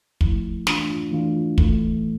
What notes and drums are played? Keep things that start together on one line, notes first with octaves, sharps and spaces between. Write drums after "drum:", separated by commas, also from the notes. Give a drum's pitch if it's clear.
F3 A3 E4, drum: kick
E3 A3 D4 F4, drum: snare
E3 A3 D4 F4
A2 E3 A3, drum: kick